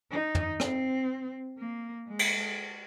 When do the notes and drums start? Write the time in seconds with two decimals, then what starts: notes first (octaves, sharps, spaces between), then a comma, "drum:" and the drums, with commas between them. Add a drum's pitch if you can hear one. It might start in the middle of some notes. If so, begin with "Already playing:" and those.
0.11 D#4
0.35 drum: tom
0.60 C4, drum: rim click
1.58 A#3
2.08 G#3
2.19 drum: cymbal